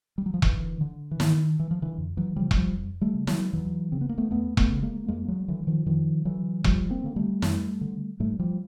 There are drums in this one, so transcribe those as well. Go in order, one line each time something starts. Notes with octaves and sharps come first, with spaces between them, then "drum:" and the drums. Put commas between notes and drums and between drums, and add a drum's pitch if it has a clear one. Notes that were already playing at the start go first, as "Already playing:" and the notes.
G3
F#3
F3
G#2 D3 E3, drum: kick E1
D3
E3
G#2 D#3, drum: snare
E3
F3
D3 E3
F2
E3 F#3
C#3 F3 G3
G#3, drum: kick E1
F3 G3
F2
G3 A3
C#3
F#3 G#3, drum: snare
E2 E3 F#3
C#3 C4
B3
A#3
A3 B3
E2 A3 B3
A3 B3, drum: kick E1
C#3
G#3 A#3
F2 G#3 A#3
F#3 G#3
D3 E3 F#3
E3
D#3 F3
F2 D#3 F3
D3 E3 F#3
F#2 F3 G3, drum: kick E1
A#3 C4
D3 A#3
G3 A3
F#2, drum: snare
D3
G#2 G3 A3
F3 G3